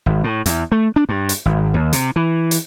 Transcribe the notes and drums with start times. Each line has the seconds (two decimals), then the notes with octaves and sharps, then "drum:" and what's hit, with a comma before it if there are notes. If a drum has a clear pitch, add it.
0.06 G#1
0.24 A2
0.46 E2, drum: hi-hat
0.72 A3
0.96 D4
1.09 G2
1.29 drum: hi-hat
1.46 G#1
1.74 D#2
1.93 C3, drum: hi-hat
2.16 E3
2.51 drum: hi-hat